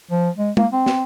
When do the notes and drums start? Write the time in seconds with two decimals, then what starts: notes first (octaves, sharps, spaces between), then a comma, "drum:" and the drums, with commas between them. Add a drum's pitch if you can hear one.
0.11 F3
0.37 G#3
0.57 A#3, drum: tom
0.72 C4
0.86 drum: snare